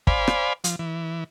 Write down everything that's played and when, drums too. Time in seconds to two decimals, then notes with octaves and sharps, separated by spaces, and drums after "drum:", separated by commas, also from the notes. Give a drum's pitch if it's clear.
0.07 C5 D5 F5 G#5 B5, drum: kick
0.28 drum: rim click
0.64 F3, drum: hi-hat
0.79 E3